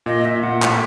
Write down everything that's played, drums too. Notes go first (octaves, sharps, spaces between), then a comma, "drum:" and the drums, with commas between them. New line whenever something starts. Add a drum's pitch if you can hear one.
A#2 D#5
A#2 E5
A#2 F#5
A2 E5, drum: clap